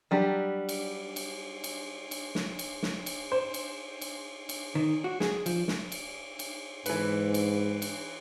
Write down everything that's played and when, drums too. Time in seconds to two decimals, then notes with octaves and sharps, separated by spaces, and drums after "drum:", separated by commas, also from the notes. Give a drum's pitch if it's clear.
0.11 F#3 G3 D4 G4
0.69 drum: cymbal
1.16 drum: cymbal
1.64 drum: cymbal
2.11 drum: cymbal
2.35 drum: snare
2.59 drum: cymbal
2.83 drum: snare
3.06 drum: cymbal
3.32 C5
3.54 drum: cymbal
4.01 drum: cymbal
4.49 drum: cymbal
4.75 D#3
5.04 F#4
5.20 G#4, drum: snare
5.46 F3, drum: cymbal
5.68 drum: snare
5.92 drum: cymbal
6.39 drum: cymbal
6.86 G#2 E3 B4, drum: cymbal
7.34 drum: cymbal
7.82 drum: cymbal